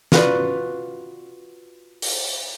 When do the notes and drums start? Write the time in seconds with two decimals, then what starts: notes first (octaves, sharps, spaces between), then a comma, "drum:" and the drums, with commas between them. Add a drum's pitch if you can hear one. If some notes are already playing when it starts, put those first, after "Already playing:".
0.12 F4 F#4 B4 D5, drum: snare
2.02 drum: open hi-hat